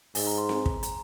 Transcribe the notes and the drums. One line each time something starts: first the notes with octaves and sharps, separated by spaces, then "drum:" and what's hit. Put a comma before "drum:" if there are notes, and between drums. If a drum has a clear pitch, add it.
G#2 G#5, drum: open hi-hat
A#5
C6
C6, drum: snare C4
drum: kick
A#5, drum: hi-hat